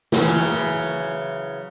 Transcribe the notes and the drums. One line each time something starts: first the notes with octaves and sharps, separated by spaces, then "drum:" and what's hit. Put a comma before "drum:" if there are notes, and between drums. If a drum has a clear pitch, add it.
C#3 E3 F#3, drum: snare